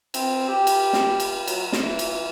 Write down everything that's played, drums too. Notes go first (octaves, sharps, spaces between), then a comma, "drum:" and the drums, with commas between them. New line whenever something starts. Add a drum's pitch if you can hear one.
C4, drum: cymbal
G4
drum: cymbal
drum: snare
drum: cymbal
F#3, drum: cymbal
drum: snare
E3
drum: cymbal